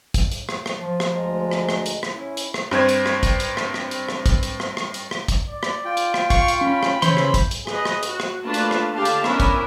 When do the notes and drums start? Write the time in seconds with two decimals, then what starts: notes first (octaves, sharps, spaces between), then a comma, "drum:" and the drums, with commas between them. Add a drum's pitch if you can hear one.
0.14 drum: kick, hi-hat
0.32 drum: hi-hat
0.49 drum: rim click
0.66 drum: rim click
0.79 F3
1.00 drum: rim click
1.12 D2 G#3 A#5
1.51 drum: rim click
1.69 drum: rim click
1.86 drum: hi-hat
2.03 drum: rim click
2.13 C#4 E4
2.37 drum: hi-hat
2.54 drum: rim click
2.71 G2 C4 C5 G#6, drum: rim click
2.89 drum: hi-hat
3.06 drum: rim click
3.23 drum: kick, hi-hat
3.40 drum: hi-hat
3.57 drum: rim click
3.74 drum: rim click
3.91 drum: hi-hat
4.08 drum: rim click
4.26 drum: kick, hi-hat
4.43 drum: hi-hat
4.60 drum: rim click
4.77 drum: rim click
4.94 drum: hi-hat
5.11 drum: rim click
5.28 drum: kick, hi-hat
5.49 D5
5.63 drum: rim click
5.85 F4 G5
5.97 drum: hi-hat
6.14 drum: rim click
6.30 F5 C#6, drum: kick, hi-hat
6.48 drum: hi-hat
6.61 C#4 B5
6.83 drum: rim click
7.02 C#3 E3 C#4 C5 C6, drum: hi-hat
7.17 drum: rim click
7.34 drum: kick, hi-hat
7.51 drum: hi-hat
7.67 G#4 B4 D#5, drum: rim click
7.85 drum: rim click
8.03 F#4, drum: hi-hat
8.20 drum: rim click
8.44 A3 A#3 D4 F4 B4 A5
8.54 drum: hi-hat
8.71 drum: rim click
8.94 D3 D4 G4 F5 A5
9.05 drum: hi-hat
9.24 B3 C#4 D4 E4 A#4 E5, drum: rim click
9.40 drum: kick, hi-hat